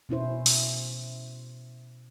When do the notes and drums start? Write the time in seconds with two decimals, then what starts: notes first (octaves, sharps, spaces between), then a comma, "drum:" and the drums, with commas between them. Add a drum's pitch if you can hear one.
0.09 B2 C#4 E4 C5
0.46 drum: open hi-hat